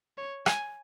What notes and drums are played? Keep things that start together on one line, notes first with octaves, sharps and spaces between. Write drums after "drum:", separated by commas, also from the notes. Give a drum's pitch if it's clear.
C#5
G#5, drum: rim click